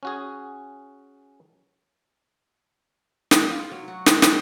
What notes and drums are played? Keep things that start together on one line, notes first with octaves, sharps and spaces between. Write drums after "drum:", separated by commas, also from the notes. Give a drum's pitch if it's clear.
C#4 F#4 G#4
drum: snare
F4
F#3
F#4
C4, drum: snare
C4, drum: snare